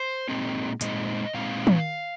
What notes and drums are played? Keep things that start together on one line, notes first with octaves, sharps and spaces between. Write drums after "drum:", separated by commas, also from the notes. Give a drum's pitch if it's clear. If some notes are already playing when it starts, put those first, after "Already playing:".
Already playing: C5
A#2 G#3 C4 D#4
A#2 G#3 C4 D#4 D#5, drum: hi-hat
A#2 G#3 C4 D#4 F5
drum: tom